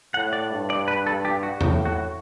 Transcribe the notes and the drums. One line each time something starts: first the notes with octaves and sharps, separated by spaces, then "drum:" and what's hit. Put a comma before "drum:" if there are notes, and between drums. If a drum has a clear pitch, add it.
A2 F#5
D5
G2
D5
B4
A4
G4
F#4
A2, drum: tom E2
F#4